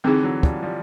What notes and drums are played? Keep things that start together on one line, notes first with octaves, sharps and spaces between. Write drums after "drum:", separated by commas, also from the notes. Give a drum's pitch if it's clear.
D3 E3 C4 D#4 G#4
E3 F#3
F3 G3, drum: kick
F3 G3